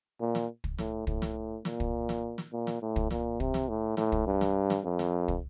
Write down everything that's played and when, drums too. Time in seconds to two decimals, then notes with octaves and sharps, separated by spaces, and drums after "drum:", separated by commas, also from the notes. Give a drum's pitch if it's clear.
0.20 A#2
0.35 drum: snare
0.64 drum: kick
0.78 A2, drum: snare
1.07 A2, drum: kick
1.22 drum: snare
1.65 A#2, drum: snare
1.80 drum: kick
2.09 drum: snare
2.38 drum: snare
2.52 A#2
2.67 drum: snare
2.82 A2
2.96 drum: kick
3.10 A#2, drum: snare
3.40 C3, drum: kick
3.54 drum: snare
3.69 A2
3.97 A2, drum: snare
4.12 drum: kick
4.27 G2
4.41 drum: snare
4.70 drum: snare
4.84 F2
4.99 drum: snare
5.28 drum: kick